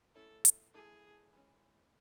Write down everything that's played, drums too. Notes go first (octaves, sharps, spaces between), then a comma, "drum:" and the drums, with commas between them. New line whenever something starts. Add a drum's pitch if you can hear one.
A3 C#4 E4 A4
drum: hi-hat
E3 A3 E4 G#4 A4
E3 G#3 C#4